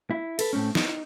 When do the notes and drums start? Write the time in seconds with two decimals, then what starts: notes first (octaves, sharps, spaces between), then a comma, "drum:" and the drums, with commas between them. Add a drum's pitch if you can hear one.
0.11 E4
0.39 A4 B4, drum: cymbal
0.53 A2 A3 C4 C#4
0.75 D#4, drum: snare